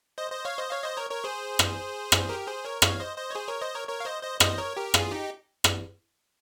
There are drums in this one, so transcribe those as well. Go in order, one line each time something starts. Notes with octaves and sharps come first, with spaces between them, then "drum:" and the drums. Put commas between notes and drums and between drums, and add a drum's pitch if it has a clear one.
C5 D#5
C5 D#5
C#5 F5
C5 D#5
C#5 F5
C5 D#5
A#4 C#5
A#4 C#5
G#4 C5
drum: rim click
drum: rim click
G4 A#4
G#4 C5
A#4 C#5
C#5 F5, drum: rim click
C5 D#5
C5 D#5
C#5
G#4 C5
A#4 C#5
C5 D#5
A#4 C#5
A#4 C#5
F5
C5 D#5
C5 D#5
C5 D#5, drum: rim click
A#4 C#5
G4 A#4
F4 G#4, drum: rim click
D#4 G4
drum: rim click